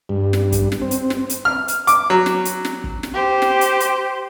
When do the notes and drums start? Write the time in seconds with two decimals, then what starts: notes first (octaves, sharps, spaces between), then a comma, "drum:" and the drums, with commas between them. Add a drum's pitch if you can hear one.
0.09 G2
0.33 drum: snare
0.52 drum: kick, hi-hat
0.72 drum: snare
0.81 C4
0.91 drum: hi-hat
1.10 drum: snare
1.30 drum: hi-hat
1.45 F6
1.68 drum: hi-hat
1.87 D6, drum: hi-hat
2.10 F#3
2.26 drum: snare
2.45 drum: hi-hat
2.65 drum: snare
2.84 drum: kick
3.03 drum: snare
3.14 G4 C5
3.42 drum: snare
3.61 drum: hi-hat
3.80 drum: hi-hat